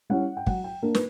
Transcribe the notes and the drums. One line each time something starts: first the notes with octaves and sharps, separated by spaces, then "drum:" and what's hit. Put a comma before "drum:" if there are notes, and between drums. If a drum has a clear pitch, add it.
G3 C#4 E4 F#5
G5
F#3 F#5, drum: kick
G5
A#3 D4 A#4
B4, drum: snare